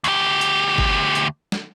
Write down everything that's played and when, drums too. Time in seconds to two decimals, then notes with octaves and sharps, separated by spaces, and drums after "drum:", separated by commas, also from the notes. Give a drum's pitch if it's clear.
0.04 D2 G4, drum: hi-hat
0.41 drum: hi-hat
0.78 drum: kick
1.15 drum: hi-hat
1.52 drum: snare